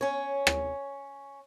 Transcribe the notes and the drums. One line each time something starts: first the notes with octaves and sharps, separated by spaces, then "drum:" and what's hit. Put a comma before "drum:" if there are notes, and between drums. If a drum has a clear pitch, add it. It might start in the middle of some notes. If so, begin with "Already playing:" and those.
C#4 C#5
drum: rim click